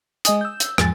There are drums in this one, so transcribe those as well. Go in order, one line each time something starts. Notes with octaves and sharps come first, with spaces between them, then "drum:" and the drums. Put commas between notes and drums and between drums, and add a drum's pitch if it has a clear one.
G#3 D#5 G#5 D#6, drum: hi-hat
E6 G6
drum: hi-hat
E2 G#2 F3 G#3 G#5 A6, drum: rim click